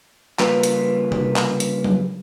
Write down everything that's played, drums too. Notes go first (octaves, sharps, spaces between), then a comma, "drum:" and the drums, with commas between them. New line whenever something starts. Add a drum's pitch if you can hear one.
C#3 G3 A#3 F4 B4 A#5, drum: clap
drum: hi-hat
drum: tom C3
drum: clap
drum: hi-hat
drum: tom F#3